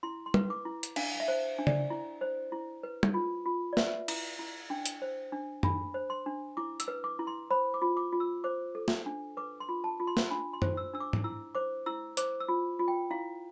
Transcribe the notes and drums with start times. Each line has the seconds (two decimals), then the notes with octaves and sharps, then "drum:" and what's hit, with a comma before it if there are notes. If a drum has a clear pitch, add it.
0.03 E4 C6
0.26 C6
0.34 B4, drum: tom G3
0.50 D6
0.65 E4
0.83 drum: hi-hat
0.96 D4 F5, drum: cymbal
1.15 F5
1.20 E5
1.28 C5
1.59 D4
1.67 D5, drum: tom C#3
1.90 E4
2.21 C5
2.52 E4
2.83 B4
3.03 drum: tom G3
3.14 F4
3.45 F4
3.73 D5
3.77 B4 E5, drum: snare
4.08 E4, drum: cymbal
4.39 E4
4.70 D4 G5
4.86 drum: hi-hat
5.02 C5
5.32 D4
5.63 D4 B5, drum: tom F#2
5.94 C5
6.10 C6
6.26 D4
6.57 E4 D6
6.80 E6, drum: hi-hat
6.88 B4
7.04 D6
7.19 E4
7.27 C6
7.50 C5 B5
7.74 D6
7.82 F4
7.97 D6
8.12 F4
8.20 E6
8.44 C5 D6
8.75 A4
8.88 drum: snare
9.06 D4
9.37 B4 D6
9.60 C6
9.69 F4
9.84 A5
10.00 F4
10.07 C6
10.17 drum: snare
10.31 D4 B5
10.53 C6
10.62 C5, drum: tom F#2
10.77 E6
10.93 D4 E6
11.00 D6
11.13 drum: tom
11.24 E4 E6
11.55 C5 D6
11.86 E4 E6
12.17 C5 D6, drum: hi-hat
12.40 E6
12.48 F4
12.79 F4
12.88 G5
13.11 E4 F5